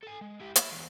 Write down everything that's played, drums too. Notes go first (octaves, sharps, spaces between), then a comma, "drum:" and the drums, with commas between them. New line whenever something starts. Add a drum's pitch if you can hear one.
A4 G#5
G#3
E4 G4
E4, drum: hi-hat
E2 D4